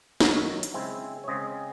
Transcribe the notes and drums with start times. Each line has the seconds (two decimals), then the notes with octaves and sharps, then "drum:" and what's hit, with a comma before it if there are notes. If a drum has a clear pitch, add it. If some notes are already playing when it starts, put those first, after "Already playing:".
0.20 F#2 D#3 F#3 C#5, drum: snare
0.63 drum: hi-hat
0.74 C#3 G#3 C4 E4
1.24 C#5
1.28 C#3 G#3 C4 D#5